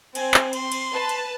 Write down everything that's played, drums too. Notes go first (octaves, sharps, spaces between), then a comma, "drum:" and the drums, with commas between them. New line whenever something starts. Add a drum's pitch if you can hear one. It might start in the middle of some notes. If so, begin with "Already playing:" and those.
C4 G#5, drum: cymbal
drum: clap
C6, drum: cymbal
drum: cymbal
B4 A5
drum: cymbal